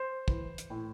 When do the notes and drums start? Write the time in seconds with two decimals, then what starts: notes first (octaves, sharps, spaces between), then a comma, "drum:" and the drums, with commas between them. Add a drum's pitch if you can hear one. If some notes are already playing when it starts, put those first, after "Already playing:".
Already playing: C5
0.28 E3, drum: kick
0.58 drum: hi-hat
0.70 A2